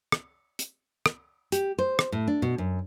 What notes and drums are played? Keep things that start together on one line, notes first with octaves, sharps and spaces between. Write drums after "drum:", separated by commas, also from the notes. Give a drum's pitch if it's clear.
drum: rim click
drum: hi-hat
drum: rim click
G4, drum: hi-hat
C5
drum: rim click
A2
D4
B2
F#2